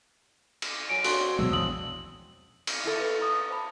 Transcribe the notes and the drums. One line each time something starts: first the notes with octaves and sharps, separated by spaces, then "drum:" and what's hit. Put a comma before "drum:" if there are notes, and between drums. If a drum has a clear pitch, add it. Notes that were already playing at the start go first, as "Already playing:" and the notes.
drum: cymbal
F#3 G#5 D7
C#3 D4 F#4 C#5 C6, drum: open hi-hat
C4
B2 F#3 G#3 E6
A#1 E2 C#3 D#6 F#7
drum: cymbal
E4 A4
B4
A#5 D#6
C5 A5 B5